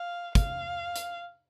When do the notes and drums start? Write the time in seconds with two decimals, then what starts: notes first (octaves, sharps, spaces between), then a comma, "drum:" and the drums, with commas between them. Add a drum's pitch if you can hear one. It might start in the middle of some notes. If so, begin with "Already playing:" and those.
Already playing: F5
0.35 F5, drum: kick, hi-hat
0.96 drum: hi-hat